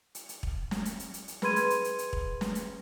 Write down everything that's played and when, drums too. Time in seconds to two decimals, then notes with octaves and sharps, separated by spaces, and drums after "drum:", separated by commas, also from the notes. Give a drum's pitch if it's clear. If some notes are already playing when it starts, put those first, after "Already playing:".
0.15 drum: hi-hat
0.29 drum: hi-hat
0.43 drum: kick
0.71 drum: snare
0.85 drum: hi-hat
1.00 drum: hi-hat
1.14 drum: hi-hat
1.28 drum: hi-hat
1.42 G#4 B4 B5 C6 G#6 D#7, drum: snare
1.56 drum: hi-hat
1.70 drum: hi-hat
1.84 drum: hi-hat
1.99 drum: hi-hat
2.13 drum: kick
2.41 drum: snare
2.55 drum: hi-hat